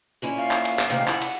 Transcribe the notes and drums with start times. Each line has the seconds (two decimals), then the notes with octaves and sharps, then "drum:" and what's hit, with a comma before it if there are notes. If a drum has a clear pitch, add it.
0.22 A#2 C#4 E4
0.38 F5
0.51 drum: clap
0.65 drum: cymbal
0.79 drum: clap
0.90 C3 D#3 A3 F5
1.08 E4 F#5, drum: clap
1.22 drum: cymbal